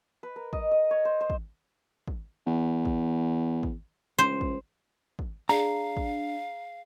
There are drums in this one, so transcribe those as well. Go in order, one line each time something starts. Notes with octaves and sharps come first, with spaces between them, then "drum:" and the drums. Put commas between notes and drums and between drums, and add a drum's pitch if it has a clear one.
B4
A#4
D#5, drum: kick
D#5
C#5
C5
C5
drum: kick
drum: kick
E2
drum: kick
drum: kick
C#2 C5
drum: kick
drum: kick
D4 G#4 F5 A#5
drum: kick